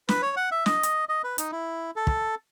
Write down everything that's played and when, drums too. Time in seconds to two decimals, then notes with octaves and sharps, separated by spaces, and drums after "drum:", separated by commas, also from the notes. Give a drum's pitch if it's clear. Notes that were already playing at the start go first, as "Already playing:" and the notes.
0.09 B4, drum: snare
0.22 C#5
0.37 F#5
0.51 E5
0.66 D#5, drum: snare
0.83 drum: hi-hat
1.09 D#5
1.24 B4
1.38 D#4, drum: hi-hat
1.52 E4
1.96 A4
2.07 drum: kick